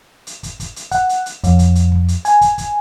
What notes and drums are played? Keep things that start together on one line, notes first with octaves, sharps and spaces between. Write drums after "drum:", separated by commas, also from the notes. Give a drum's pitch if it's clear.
drum: hi-hat
drum: kick, hi-hat
drum: kick, hi-hat
drum: hi-hat
F#5, drum: kick, hi-hat
drum: hi-hat
drum: hi-hat
F2, drum: kick, hi-hat
drum: kick, hi-hat
drum: hi-hat
drum: kick
drum: hi-hat
G#5, drum: hi-hat
drum: kick, hi-hat
drum: kick, hi-hat